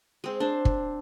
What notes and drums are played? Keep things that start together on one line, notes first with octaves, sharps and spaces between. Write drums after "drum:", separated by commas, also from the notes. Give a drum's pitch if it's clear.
G#3 C4
D4 C5
drum: kick